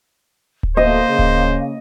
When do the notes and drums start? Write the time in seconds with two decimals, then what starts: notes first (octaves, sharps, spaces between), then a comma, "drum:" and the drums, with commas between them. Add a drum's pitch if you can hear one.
0.63 drum: kick D1
0.77 B2 F3 A3 A#3 C5 D#5
1.08 C#3
1.19 drum: kick D1